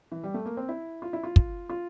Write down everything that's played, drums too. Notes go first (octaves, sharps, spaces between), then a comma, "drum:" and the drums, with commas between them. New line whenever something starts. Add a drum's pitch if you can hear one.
E3
G3
A3
A#3
C4
E4
F4
E4
F4
drum: kick
F4